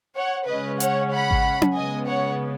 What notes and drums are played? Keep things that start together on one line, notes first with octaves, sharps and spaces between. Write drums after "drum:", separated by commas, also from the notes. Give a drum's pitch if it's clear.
C#5 F#5
C#3 G#3 C#4 B4 D#5
C#5 F#5, drum: hi-hat
F#5 B5
drum: kick G#1
drum: tom C#4
C#3 G#3 B3 D#5 G#5
C#5 F#5